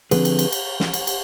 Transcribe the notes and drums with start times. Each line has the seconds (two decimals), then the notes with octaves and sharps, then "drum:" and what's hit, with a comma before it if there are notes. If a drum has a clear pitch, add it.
0.11 D3 F3 A3 C4 G#4 B4, drum: cymbal
0.25 drum: cymbal
0.39 drum: cymbal
0.52 drum: cymbal
0.80 drum: snare
0.94 drum: cymbal
1.07 drum: cymbal